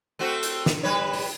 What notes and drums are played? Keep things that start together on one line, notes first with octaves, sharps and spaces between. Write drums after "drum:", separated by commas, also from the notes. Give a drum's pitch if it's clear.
A3 C4 F#4
drum: hi-hat
drum: snare
G3 B4 C#5
drum: open hi-hat